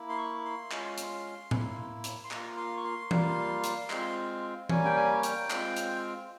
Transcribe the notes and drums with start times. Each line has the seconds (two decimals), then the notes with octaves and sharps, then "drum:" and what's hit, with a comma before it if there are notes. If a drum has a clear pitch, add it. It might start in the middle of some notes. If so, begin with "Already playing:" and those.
Already playing: A#3 E4
0.09 C6
0.18 C#6
0.45 C6
0.71 G#3 C#4 F4, drum: clap
0.98 drum: hi-hat
1.51 A#3 E4, drum: tom A2
2.04 drum: hi-hat
2.24 C6
2.31 A#3 F4 A#5, drum: clap
2.57 C6
2.77 C#6
2.84 C6
3.11 G3 A#3 F4, drum: tom E3
3.64 drum: hi-hat
3.90 G#3 C4 F4, drum: clap
4.69 G3 A#3 C#4 G#5, drum: tom E3
4.85 G5
4.97 G#5
5.23 G5, drum: hi-hat
5.50 G#3 C4 F4, drum: clap
5.76 drum: hi-hat